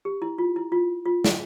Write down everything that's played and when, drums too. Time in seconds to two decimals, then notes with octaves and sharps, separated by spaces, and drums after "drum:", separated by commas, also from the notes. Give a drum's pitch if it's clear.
0.05 G4
0.22 E4
0.38 F4
0.56 E4
0.72 F4
1.05 F4
1.24 drum: snare